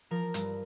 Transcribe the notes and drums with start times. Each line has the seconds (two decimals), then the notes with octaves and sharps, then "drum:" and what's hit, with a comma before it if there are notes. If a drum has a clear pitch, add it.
0.11 F3 A#4
0.34 G2, drum: hi-hat